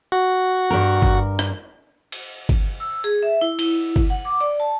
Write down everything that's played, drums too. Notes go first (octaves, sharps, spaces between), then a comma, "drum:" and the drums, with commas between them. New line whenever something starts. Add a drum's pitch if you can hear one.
F#4
G2 A#4
drum: kick G1
drum: rim click
drum: cymbal
drum: kick G1
E6
G#4
E5
E4
E4, drum: cymbal
drum: kick G1
F#5
D6
D5
A5